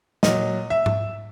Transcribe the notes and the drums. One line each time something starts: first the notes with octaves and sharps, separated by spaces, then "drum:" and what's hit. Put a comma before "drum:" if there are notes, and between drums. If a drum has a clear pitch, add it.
A#2 F#3 D#5, drum: snare
E5
drum: tom G#2